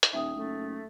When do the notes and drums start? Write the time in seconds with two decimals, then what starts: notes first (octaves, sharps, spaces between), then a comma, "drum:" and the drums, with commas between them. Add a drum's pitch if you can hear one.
0.03 drum: hi-hat
0.13 D#1 D#4 E5 G5 D#6
0.35 F#1 A3